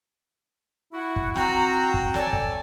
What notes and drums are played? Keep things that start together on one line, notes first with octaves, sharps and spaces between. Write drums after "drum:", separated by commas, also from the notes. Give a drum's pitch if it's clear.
E4 F#4
drum: kick
C4 F#4 G5 A#5, drum: snare
drum: kick
A4 C#5 D5 G#5 A5, drum: snare
drum: kick